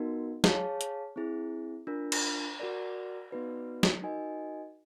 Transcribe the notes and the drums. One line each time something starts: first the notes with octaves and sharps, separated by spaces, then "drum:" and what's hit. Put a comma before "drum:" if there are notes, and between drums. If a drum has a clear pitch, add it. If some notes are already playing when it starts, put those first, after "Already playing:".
Already playing: B3 D#4 F#4 A#4
G#4 C#5 F5 A5, drum: snare
drum: hi-hat
C4 E4 G#4
D4 F4 A#4
drum: cymbal
F#4 A#4 D5
B3 D#4 F#4 B4 D5
drum: snare
D#4 F#4 A#4 D#5 G#5